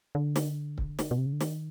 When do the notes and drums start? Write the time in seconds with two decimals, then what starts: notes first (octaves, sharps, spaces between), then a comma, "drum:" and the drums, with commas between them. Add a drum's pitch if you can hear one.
0.15 D3
0.36 drum: snare
0.78 drum: kick C#1
0.99 drum: snare
1.11 B2
1.18 C3
1.26 C#3
1.33 D3
1.41 D#3, drum: snare